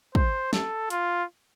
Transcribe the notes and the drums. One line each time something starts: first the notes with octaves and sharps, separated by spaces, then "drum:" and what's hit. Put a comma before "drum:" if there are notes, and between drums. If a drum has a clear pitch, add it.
C5, drum: kick
A4, drum: snare
F4, drum: hi-hat